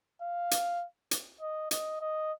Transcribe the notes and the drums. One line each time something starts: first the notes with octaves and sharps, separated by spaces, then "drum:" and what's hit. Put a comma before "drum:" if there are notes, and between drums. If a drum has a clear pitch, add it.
F5
drum: hi-hat
drum: hi-hat
D#5
D#5, drum: hi-hat
D#5